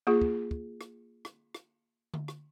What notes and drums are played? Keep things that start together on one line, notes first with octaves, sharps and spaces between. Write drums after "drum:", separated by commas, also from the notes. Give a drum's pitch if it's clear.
A#3 F4 G#4
drum: kick
drum: kick
drum: rim click
drum: rim click
drum: rim click
drum: tom D3
drum: rim click